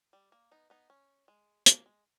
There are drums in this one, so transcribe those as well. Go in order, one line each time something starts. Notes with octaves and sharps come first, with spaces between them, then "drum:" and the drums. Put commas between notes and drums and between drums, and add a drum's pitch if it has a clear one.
G3
A#3
B3 D#4
B3 D#4
C#4
G#3
A#3, drum: hi-hat
G#3